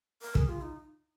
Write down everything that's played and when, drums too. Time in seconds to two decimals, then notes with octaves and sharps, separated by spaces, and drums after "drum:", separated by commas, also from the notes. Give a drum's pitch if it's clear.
0.22 A#4
0.35 G#4, drum: kick
0.49 F4
0.61 D#4